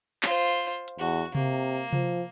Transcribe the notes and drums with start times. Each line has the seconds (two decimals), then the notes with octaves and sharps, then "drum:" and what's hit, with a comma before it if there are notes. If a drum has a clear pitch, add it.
0.23 F4 C5, drum: clap
0.88 drum: hi-hat
0.99 E2 F#4
1.35 C3 A#3, drum: tom C3
1.93 F3, drum: tom C3